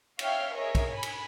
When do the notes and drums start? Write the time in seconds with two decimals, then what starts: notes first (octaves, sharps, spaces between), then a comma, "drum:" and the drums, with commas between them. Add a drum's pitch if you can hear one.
0.19 C#5 E5 F5 G5 F6, drum: cymbal
0.55 G#4 A#4 C#5 D#5 E5
0.75 drum: kick, cymbal
0.91 G#5 B5
1.03 drum: cymbal